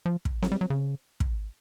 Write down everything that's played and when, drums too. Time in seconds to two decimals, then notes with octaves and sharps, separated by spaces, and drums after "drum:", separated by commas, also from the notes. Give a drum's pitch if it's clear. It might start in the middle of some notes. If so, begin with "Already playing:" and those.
0.06 F3
0.25 drum: kick
0.42 F#3, drum: snare C4
0.52 G3
0.61 F#3
0.70 C#3
1.20 drum: kick